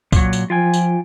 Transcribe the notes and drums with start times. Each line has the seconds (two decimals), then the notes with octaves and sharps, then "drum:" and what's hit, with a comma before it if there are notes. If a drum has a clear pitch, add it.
0.12 A#2 F#3, drum: kick, tambourine
0.33 drum: tambourine
0.50 F3 F4 G5 G#5
0.74 drum: tambourine